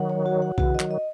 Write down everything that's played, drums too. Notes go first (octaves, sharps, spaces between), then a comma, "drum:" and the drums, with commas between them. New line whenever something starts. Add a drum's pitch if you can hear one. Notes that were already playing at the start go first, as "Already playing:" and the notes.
Already playing: D#3 F#3 F#5
C#5
F#4
F#5
C#3 E3 F#4, drum: kick B1
D#5
D#3 F#3, drum: clap
D#5